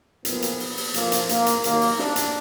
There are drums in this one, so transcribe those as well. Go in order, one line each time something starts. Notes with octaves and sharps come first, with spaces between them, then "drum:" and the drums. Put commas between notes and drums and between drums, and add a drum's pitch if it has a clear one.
B1 A#2 F3 B3, drum: hi-hat
drum: hi-hat
drum: open hi-hat
drum: open hi-hat
F2 F3 A#3, drum: hi-hat
drum: hi-hat
A#3, drum: hi-hat
drum: hi-hat
D#2 D#3 F#3 A#3, drum: hi-hat
drum: open hi-hat
D4, drum: snare
drum: hi-hat